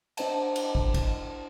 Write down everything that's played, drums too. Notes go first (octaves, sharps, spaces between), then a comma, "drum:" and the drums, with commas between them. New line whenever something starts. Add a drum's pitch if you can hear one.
D4 C5 A5, drum: cymbal
drum: cymbal
drum: kick
drum: kick, cymbal